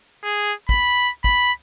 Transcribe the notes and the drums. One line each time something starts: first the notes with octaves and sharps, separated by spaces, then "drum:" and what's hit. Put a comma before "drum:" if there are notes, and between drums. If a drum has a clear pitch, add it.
G#4
B5, drum: kick
B5, drum: kick